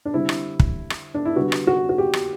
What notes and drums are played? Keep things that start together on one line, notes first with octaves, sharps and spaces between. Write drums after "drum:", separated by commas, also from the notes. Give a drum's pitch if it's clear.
D4
D3 G3 C4 E4
drum: rim click
drum: kick
drum: rim click
D4
E4
D3 G3 B3 F#4
drum: rim click
F#4
F#4
G4
drum: rim click